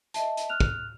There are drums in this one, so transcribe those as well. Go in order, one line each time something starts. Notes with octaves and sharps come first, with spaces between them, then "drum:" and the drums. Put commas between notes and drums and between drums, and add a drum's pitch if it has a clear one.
D#5 E5 A5, drum: hi-hat
drum: hi-hat
F6 F#6 F7
drum: kick